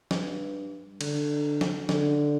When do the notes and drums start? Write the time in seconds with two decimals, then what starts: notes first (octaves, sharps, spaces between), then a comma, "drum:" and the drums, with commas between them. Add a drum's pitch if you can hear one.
0.11 G2, drum: snare
1.01 D3, drum: cymbal
1.61 drum: snare
1.89 D3, drum: snare